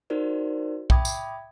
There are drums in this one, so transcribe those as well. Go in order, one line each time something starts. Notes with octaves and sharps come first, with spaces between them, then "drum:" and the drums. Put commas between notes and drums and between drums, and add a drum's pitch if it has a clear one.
D#4 F#4 A#4 C5 D5
E5 G5 B5 D6 D#6 G#6, drum: kick B1
drum: tambourine